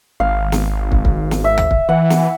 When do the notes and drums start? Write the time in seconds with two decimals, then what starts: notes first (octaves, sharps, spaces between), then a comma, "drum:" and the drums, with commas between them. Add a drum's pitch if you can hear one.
0.20 G#1 F5
0.52 drum: snare
0.92 drum: kick
1.05 drum: kick
1.31 drum: snare
1.44 E5
1.58 drum: tom D2
1.71 drum: kick
1.89 E3 F#5
2.10 drum: snare